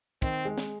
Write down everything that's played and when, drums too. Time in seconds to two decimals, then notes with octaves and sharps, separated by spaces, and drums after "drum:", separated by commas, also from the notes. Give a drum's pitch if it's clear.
0.22 D#3 C4, drum: kick, hi-hat
0.45 G#3
0.58 drum: snare